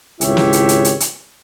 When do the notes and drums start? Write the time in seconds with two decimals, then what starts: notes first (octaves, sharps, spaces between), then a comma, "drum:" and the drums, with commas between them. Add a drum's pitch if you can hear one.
0.21 G#1 C#2 E4 G4 C#5 E5, drum: hi-hat
0.37 drum: snare
0.53 drum: hi-hat
0.69 drum: hi-hat
0.85 drum: hi-hat
1.00 drum: hi-hat